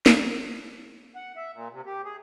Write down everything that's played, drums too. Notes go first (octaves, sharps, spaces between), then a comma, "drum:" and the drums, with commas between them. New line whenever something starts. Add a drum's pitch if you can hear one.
drum: snare
F#5
E5
A#2
C3
G4
G#4